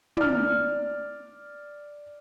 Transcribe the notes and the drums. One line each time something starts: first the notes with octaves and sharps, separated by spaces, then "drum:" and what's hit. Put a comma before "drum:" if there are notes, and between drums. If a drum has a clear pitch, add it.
D5 F6, drum: tom